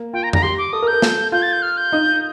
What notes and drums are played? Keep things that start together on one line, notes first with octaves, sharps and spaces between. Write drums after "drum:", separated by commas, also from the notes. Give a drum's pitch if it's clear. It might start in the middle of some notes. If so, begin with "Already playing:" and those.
Already playing: A#3
F4 G5
A#5
A#5, drum: tom F2
G4 C6
D6
A4 D#6
A#4
G6
A#4
A4, drum: snare
F4 G6
A6
G6
F6
G6
D#4